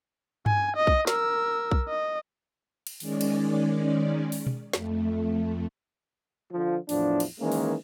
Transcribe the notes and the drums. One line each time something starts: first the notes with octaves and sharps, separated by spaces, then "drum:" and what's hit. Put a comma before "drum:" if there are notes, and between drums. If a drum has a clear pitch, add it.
G#5, drum: tom G2
D#5
drum: kick B1
A#4 E6, drum: snare
drum: kick B1
D#5
drum: cymbal
D#3 G#3 C#4 D5, drum: open hi-hat
drum: cymbal
drum: open hi-hat
drum: tom B2
F2 A3, drum: snare
D3 F3
E2 A2 F3 D4, drum: open hi-hat
drum: cymbal
D#3 E3 G#3 A#3 C#4
drum: open hi-hat